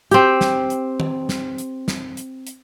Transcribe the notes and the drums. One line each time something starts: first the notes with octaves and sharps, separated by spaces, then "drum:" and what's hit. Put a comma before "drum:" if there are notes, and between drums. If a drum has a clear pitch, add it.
C4 G4, drum: hi-hat
drum: snare
drum: hi-hat
drum: tom D#3
drum: snare
drum: hi-hat
drum: snare
drum: hi-hat
drum: hi-hat